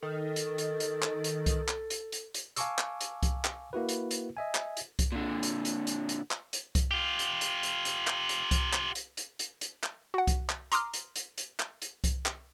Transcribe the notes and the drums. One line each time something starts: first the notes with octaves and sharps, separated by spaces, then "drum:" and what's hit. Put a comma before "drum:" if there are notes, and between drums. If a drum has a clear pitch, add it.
D#3 A4
drum: hi-hat
drum: hi-hat
drum: hi-hat
drum: clap
drum: hi-hat
drum: kick C2, hi-hat
drum: clap
drum: hi-hat
drum: hi-hat
drum: hi-hat
F5 G#5 A5 C#6 D6 E6, drum: hi-hat
drum: clap
drum: hi-hat
drum: kick C2, hi-hat
drum: clap
A#3 E4 F#4 B4
drum: hi-hat
drum: hi-hat
D#5 E5 G#5
drum: clap
drum: hi-hat
drum: kick C2, hi-hat
A#2 D3
drum: hi-hat
drum: hi-hat
drum: hi-hat
drum: hi-hat
drum: clap
drum: hi-hat
drum: kick C2, hi-hat
F4 G4
drum: hi-hat
drum: hi-hat
drum: hi-hat
drum: hi-hat
drum: clap
drum: hi-hat
drum: kick C2, hi-hat
drum: clap
drum: hi-hat
drum: hi-hat
drum: hi-hat
drum: hi-hat
drum: clap
F#4 F#5
drum: kick C2, hi-hat
drum: clap
A#5 C6 D6 D#6 F6, drum: hi-hat
drum: hi-hat
drum: hi-hat
drum: hi-hat
drum: clap
drum: hi-hat
drum: kick C2, hi-hat
drum: clap